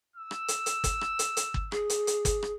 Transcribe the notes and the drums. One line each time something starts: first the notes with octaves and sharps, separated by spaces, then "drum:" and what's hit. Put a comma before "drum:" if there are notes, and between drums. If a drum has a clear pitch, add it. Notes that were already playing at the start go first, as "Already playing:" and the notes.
E6
drum: rim click
drum: hi-hat
drum: hi-hat
drum: kick G1, hi-hat
drum: rim click
drum: hi-hat
drum: hi-hat
drum: kick G1
G#4, drum: rim click
drum: hi-hat
drum: hi-hat
drum: kick G1, hi-hat
drum: rim click